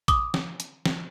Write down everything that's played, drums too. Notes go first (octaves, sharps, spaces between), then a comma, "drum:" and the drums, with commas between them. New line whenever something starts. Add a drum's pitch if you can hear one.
D6 D#6, drum: kick A1, hi-hat
drum: snare
drum: hi-hat
drum: snare